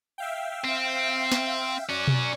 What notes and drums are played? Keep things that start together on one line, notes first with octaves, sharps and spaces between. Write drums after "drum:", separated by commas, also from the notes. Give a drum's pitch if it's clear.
E5 F5 G5
C4
drum: snare
C#4 F#4 D5
drum: tom B2